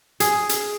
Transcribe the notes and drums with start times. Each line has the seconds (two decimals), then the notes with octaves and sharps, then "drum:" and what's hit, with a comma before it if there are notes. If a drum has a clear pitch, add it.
0.20 G#4, drum: hi-hat
0.49 drum: hi-hat